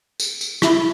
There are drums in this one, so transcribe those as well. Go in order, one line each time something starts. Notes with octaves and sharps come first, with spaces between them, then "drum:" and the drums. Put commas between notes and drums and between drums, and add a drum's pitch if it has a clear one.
drum: tambourine
drum: tambourine
E4, drum: rim click